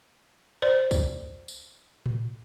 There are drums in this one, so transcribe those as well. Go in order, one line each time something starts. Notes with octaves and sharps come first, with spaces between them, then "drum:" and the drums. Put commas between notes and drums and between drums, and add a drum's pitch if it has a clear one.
C5 D5
drum: kick, tambourine
drum: tambourine
drum: tom A2